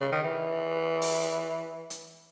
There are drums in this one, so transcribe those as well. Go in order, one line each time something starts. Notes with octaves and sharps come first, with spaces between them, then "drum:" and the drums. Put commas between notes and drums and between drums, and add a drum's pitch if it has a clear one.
C#3
D#3
E3
drum: open hi-hat
drum: hi-hat